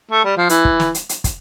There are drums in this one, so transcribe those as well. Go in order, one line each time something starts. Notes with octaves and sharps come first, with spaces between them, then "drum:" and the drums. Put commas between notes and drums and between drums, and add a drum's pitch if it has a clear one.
A3
G3
F3
E3, drum: hi-hat
drum: kick
drum: snare
drum: hi-hat
drum: hi-hat
drum: kick, hi-hat